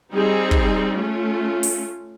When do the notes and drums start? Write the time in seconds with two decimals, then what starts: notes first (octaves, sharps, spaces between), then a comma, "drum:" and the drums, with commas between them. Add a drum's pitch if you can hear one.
0.12 G3 C4 D#4 G#4
0.51 drum: kick
0.98 A3 C#4 F4
1.63 drum: open hi-hat